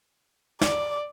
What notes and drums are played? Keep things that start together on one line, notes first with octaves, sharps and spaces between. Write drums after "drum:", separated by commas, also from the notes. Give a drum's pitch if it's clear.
D5, drum: snare